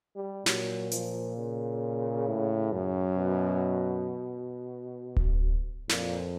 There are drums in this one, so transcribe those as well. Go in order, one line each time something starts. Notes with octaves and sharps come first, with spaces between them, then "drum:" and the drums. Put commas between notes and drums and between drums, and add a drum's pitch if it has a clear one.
G3
A#2 F#3, drum: snare
F3, drum: hi-hat
C#3
A2
F#2
B2
drum: kick D1
F2 A#2, drum: snare